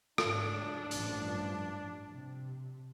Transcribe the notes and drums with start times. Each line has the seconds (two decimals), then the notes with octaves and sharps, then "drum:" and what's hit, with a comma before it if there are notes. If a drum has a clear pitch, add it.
0.18 G#2 D4, drum: rim click
0.91 A1 G2 F3, drum: hi-hat
2.09 C3